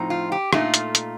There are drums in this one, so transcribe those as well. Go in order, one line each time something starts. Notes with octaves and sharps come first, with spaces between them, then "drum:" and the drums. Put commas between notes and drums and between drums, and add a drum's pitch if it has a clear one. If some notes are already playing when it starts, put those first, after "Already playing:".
Already playing: A2 F3 C4 D#4
F4
G4
A#2 A3 D#4 F4, drum: rim click
drum: hi-hat
drum: hi-hat